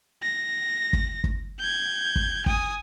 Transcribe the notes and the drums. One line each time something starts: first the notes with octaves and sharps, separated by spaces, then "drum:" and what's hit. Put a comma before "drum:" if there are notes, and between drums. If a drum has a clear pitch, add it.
A#6
drum: kick
drum: kick
G6 G#6
drum: kick
G#5 D#6, drum: kick